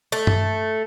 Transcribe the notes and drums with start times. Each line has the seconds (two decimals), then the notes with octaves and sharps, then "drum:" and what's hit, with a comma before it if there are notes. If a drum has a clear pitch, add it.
0.12 A3
0.27 drum: tom G2